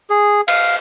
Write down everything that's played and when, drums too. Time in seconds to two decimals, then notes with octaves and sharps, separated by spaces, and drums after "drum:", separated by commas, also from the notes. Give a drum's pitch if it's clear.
0.10 G#4
0.48 F5, drum: cymbal